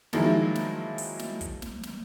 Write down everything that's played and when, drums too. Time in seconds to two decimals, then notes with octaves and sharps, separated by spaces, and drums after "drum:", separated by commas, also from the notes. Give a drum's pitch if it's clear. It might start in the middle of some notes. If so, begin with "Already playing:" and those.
0.13 D#3 F3 F#3 G#3 A#3 E4, drum: snare
0.55 drum: snare
0.98 drum: open hi-hat
1.19 drum: snare
1.41 drum: kick, hi-hat
1.62 drum: snare
1.83 drum: snare